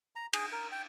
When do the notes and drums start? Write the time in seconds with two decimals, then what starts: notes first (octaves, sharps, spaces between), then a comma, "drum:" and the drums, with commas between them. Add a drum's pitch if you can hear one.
0.16 A#5
0.33 G#4, drum: cymbal
0.52 A#4
0.72 G5